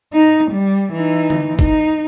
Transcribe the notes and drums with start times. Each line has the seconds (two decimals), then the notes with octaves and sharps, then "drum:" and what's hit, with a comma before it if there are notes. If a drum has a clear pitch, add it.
0.13 D#4
0.52 G3
0.93 E3 D#4
1.30 drum: tom D3
1.59 D#4, drum: kick G1